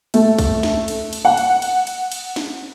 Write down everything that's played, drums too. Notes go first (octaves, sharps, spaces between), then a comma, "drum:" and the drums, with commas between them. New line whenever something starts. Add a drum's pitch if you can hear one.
A3, drum: cymbal
drum: kick C2, cymbal
drum: snare
drum: cymbal
drum: cymbal
F#5
drum: cymbal
drum: cymbal
drum: cymbal
drum: cymbal
drum: snare